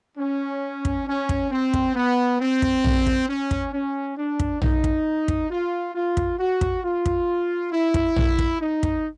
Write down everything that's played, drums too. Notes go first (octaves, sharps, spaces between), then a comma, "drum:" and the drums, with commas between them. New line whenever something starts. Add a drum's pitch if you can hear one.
C#4
drum: kick
C#4
drum: kick
C4
drum: kick
B3
C4
drum: kick
drum: tom A#1
drum: kick
C#4
drum: kick
C#4
D4
drum: kick
D#4, drum: tom A#1
drum: kick
drum: kick
F4
F4
drum: kick
F#4
drum: kick
F4
drum: kick
E4
drum: kick
drum: tom A#1
drum: kick
D#4
drum: kick